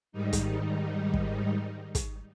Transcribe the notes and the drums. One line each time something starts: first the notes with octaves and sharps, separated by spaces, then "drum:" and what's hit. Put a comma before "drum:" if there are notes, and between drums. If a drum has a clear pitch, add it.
G#2 D#3 G3 D#4
drum: kick, hi-hat
drum: kick
drum: kick, hi-hat